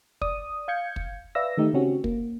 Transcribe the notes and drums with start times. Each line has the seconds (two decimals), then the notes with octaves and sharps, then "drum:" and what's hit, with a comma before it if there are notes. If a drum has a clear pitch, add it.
0.21 D5 D#6, drum: kick
0.68 F5 G6 G#6 C#7
0.96 drum: kick
1.35 B4 D5 E5 F5 E6 A#6
1.58 D#3 A3 D#4 G4
1.73 C#3 C4 C#4 F#4 G4
2.04 A#3, drum: kick